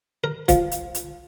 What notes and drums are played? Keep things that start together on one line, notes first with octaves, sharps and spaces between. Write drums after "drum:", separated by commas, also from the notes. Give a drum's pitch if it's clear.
A#4
F3, drum: kick, hi-hat
drum: hi-hat
drum: hi-hat